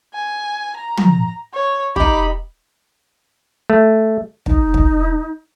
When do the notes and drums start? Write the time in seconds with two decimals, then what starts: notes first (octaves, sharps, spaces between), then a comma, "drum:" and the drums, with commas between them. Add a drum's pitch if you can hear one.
0.14 G#5
0.77 A#5
0.97 drum: tom
1.54 C#5
1.96 D#4 G4 B5 D6, drum: kick
3.70 A3
4.46 D#4, drum: kick
4.74 drum: kick